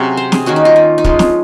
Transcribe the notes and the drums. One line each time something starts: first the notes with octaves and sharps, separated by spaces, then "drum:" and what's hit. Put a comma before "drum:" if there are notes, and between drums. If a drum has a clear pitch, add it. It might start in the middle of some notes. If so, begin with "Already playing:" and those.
Already playing: C3 F#3 C#4 G#4
C5
G#4, drum: snare
D#3 A#3 C#4 F#4
D#4
F4
D#4
D#4
F3 G#3 C#4 F4, drum: kick
drum: snare